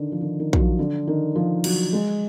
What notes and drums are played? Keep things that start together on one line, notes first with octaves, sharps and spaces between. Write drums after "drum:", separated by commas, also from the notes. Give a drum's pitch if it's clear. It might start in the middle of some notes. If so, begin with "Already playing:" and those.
Already playing: D3 D#3
F3
D#3
D#3
F#3, drum: kick A#1
F3
D3
D#3
F3
F#3, drum: cymbal
G#3